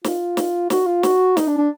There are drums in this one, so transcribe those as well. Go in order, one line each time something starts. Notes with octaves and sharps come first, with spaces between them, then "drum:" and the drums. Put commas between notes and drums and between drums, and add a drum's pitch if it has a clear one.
F4, drum: snare
drum: snare
F#4, drum: snare
F4
F#4, drum: snare
D#4, drum: snare
D4
D4